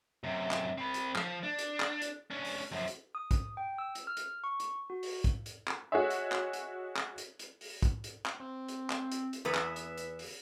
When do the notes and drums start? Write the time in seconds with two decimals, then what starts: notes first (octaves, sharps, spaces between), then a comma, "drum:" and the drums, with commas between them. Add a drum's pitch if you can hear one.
0.24 F#2 C3
0.51 drum: clap
0.78 C4 B5
0.94 drum: hi-hat
1.16 F3, drum: clap
1.43 D4
1.59 drum: hi-hat
1.80 drum: clap
2.02 drum: hi-hat
2.31 C#4 D4
2.45 drum: open hi-hat
2.72 F#2 F3
2.88 drum: hi-hat
3.15 D#6
3.31 drum: kick, hi-hat
3.57 G5
3.78 E6
3.95 drum: hi-hat
4.07 F6
4.17 drum: hi-hat
4.44 C#6
4.60 drum: hi-hat
4.90 F#4
5.03 drum: open hi-hat
5.24 drum: kick, hi-hat
5.46 drum: hi-hat
5.67 drum: clap
5.92 F#4 G#4 C#5 D#5 E5
6.10 drum: hi-hat
6.32 drum: clap
6.53 drum: hi-hat
6.96 drum: clap
7.18 drum: hi-hat
7.39 drum: hi-hat
7.61 drum: open hi-hat
7.82 drum: kick, hi-hat
8.04 drum: hi-hat
8.25 drum: clap
8.40 C4
8.69 drum: hi-hat
8.90 drum: clap
9.12 drum: hi-hat
9.33 drum: hi-hat
9.45 E2 B3 B4 E5
9.55 drum: clap
9.76 drum: hi-hat
9.98 drum: hi-hat
10.19 drum: open hi-hat